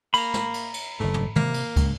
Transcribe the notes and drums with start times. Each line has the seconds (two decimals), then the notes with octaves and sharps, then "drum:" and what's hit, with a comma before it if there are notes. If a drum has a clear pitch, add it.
0.14 A#3 A#5 B5, drum: cymbal
0.34 drum: snare
0.54 drum: cymbal
0.74 drum: cymbal
1.00 F#1 G2 A3
1.14 drum: tom
1.36 C3 A#3, drum: tom
1.54 drum: cymbal
1.76 C#2, drum: kick, cymbal